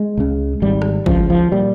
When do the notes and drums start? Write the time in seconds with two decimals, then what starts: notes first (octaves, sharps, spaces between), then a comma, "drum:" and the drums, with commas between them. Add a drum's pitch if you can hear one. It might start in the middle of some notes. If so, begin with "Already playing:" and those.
Already playing: G#3
0.18 C#2 C#3
0.62 G#1 G#2 G3
0.82 drum: rim click
1.06 C#2 C#3 F3, drum: kick
1.30 F3
1.52 A#2 G3